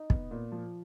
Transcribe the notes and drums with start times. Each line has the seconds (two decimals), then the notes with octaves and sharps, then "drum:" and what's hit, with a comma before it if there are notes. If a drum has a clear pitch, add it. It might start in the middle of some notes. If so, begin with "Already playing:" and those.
Already playing: D#4
0.10 B3, drum: kick
0.31 A#2
0.52 F3